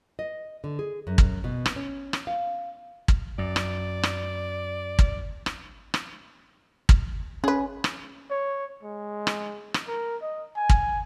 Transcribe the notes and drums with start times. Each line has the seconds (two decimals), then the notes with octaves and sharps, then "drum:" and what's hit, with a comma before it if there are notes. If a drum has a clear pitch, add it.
0.19 D#5
0.64 D3
0.79 G#4
1.07 F#2
1.18 drum: kick
1.44 B2
1.66 drum: rim click
1.76 C#4
2.13 drum: rim click
2.27 F5
3.08 drum: kick
3.38 F#2 D5
3.56 drum: rim click
4.03 drum: rim click
4.99 drum: kick
5.46 drum: rim click
5.94 drum: rim click
6.89 drum: kick
7.44 C#4 G#4 B4
7.84 drum: rim click
8.31 C#5
8.83 G#3
9.27 drum: rim click
9.74 drum: rim click
9.88 A#4
10.22 D#5
10.56 G#5
10.69 drum: kick